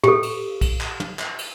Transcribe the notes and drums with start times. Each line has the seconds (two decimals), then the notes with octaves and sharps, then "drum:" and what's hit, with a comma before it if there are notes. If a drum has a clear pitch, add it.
0.04 G4 A4, drum: tom
0.23 drum: cymbal
0.61 drum: kick A#1, cymbal
0.81 drum: clap
1.00 drum: tom
1.19 drum: clap
1.39 drum: cymbal